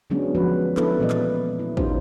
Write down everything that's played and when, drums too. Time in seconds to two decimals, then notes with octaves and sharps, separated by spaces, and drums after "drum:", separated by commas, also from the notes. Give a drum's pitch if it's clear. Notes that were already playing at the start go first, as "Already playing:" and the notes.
0.10 D3 F#3 G#3 B3 C#4 D4
0.35 F3 G#3 F#4 B4
0.77 B3 D4 E4 A4 B4, drum: clap
0.99 A#2 E3 G#3 B3 D5 D#5
1.10 drum: clap
1.59 E4
1.77 C#4 D#4 F4 G4 C5, drum: kick